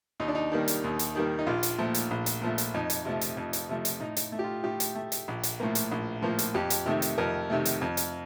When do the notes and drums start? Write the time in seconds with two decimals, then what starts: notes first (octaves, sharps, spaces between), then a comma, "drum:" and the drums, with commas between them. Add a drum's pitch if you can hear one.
0.20 D#2 D#4
0.28 D4
0.35 D#4
0.52 D#3 G3 A#3
0.68 drum: hi-hat
0.84 D#2
0.99 drum: hi-hat
1.15 D#3 G3 A#3
1.39 D#4
1.46 A#1 F4
1.63 drum: hi-hat
1.79 A#2 F3 A3
1.94 drum: hi-hat
2.11 A#1
2.26 drum: hi-hat
2.42 A#2 F3 A3
2.58 drum: hi-hat
2.74 F2 D#4
2.90 drum: hi-hat
3.05 C3 F3 A3
3.21 drum: hi-hat
3.37 F2
3.53 drum: hi-hat
3.69 C3 F3 A3
3.85 drum: hi-hat
4.00 A2 D#4
4.17 drum: hi-hat
4.32 A3
4.39 G4
4.44 F4
4.64 A2 G4
4.80 drum: hi-hat
4.95 A3
5.12 drum: hi-hat
5.28 A#1
5.43 drum: hi-hat
5.60 A2 F3 A#3
5.75 drum: hi-hat
5.92 A#1
6.22 A2 F3 A#3
6.39 drum: hi-hat
6.54 F2 G4
6.70 drum: hi-hat
6.86 C3 D#3 A3
7.02 drum: hi-hat
7.18 F2 A#4
7.50 C3 D#3 A3
7.65 drum: hi-hat
7.81 F2
7.97 drum: hi-hat